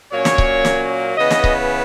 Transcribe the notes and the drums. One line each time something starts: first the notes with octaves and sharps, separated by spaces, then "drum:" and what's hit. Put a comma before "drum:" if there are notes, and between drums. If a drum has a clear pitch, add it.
A#2 F#3 A#3 C#4 C#5
drum: snare
drum: kick C#1
drum: snare
C#3 E3 B3 D#5
drum: snare
drum: kick C#1